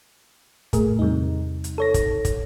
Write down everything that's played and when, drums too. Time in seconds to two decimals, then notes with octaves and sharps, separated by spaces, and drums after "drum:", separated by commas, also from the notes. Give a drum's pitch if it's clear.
0.73 A2 A3 G#4 A#4, drum: kick, hi-hat
0.99 E2 C3 G3 D#4
1.64 drum: hi-hat
1.78 A4 C#5 A#6
1.94 drum: kick, hi-hat
2.25 drum: kick, hi-hat